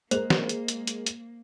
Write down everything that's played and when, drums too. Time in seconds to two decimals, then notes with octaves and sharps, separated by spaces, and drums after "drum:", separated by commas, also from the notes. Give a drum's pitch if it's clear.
0.11 G#3 A#3 A#4 C5, drum: hi-hat
0.30 drum: snare
0.49 drum: hi-hat
0.68 drum: hi-hat
0.87 drum: hi-hat
1.06 drum: hi-hat